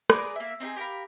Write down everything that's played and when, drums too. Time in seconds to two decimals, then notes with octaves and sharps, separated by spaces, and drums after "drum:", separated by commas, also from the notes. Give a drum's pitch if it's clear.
0.10 G#4 A#4 B4 D5, drum: rim click
0.36 A#3 E5
0.60 C4 D#4 F4 G#4
0.76 G4 A#4 F5 B5